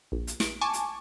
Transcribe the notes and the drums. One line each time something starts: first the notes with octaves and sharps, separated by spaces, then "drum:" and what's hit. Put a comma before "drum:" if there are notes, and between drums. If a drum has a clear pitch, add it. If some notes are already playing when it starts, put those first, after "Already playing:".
A#1
drum: hi-hat
D7, drum: snare
G#5 A5 C#6 D6
drum: hi-hat